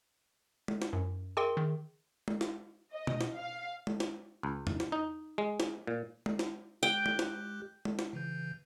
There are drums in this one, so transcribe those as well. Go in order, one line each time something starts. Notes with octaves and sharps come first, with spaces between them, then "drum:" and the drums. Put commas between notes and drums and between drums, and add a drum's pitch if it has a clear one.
drum: tom G#3
drum: snare
F#2
G#4 A#4 E5 G5 C6
D#3
drum: tom G#3
drum: snare
D#5
drum: tom B2
drum: snare
F5
drum: tom G#3
drum: snare
C#2
drum: tom E2
drum: snare
D#4
G#3
drum: snare
A#2
drum: tom G#3
drum: snare
G#3 G4 G5 F#6
drum: tom G#3
drum: snare
drum: tom G#3
drum: snare
C#3 E3 G6